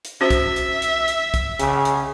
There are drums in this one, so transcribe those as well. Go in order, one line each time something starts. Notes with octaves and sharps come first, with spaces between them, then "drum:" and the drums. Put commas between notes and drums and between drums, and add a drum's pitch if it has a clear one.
drum: hi-hat
C#4 F#4 C5 E5
drum: kick, hi-hat
drum: hi-hat
drum: hi-hat
drum: hi-hat
drum: kick, hi-hat
C#3, drum: hi-hat
drum: hi-hat